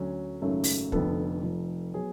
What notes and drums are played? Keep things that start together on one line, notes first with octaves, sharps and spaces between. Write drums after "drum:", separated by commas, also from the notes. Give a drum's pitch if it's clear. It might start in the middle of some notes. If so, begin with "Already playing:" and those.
Already playing: D2 D3 F#3 C#4
G#1 F#2 C#3 F#3 A3
drum: open hi-hat
F1 F2 D3 F3 B3 A4, drum: kick
F1 F2 F3
F#3 B3 G#4